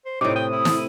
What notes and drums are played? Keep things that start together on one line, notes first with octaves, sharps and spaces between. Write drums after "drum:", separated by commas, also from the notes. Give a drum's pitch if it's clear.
C5
A2 C3 D#4 D6
G5 D#6
E4
drum: snare